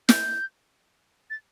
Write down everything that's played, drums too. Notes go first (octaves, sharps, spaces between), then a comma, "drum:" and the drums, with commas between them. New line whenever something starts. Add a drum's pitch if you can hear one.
G6, drum: snare
A6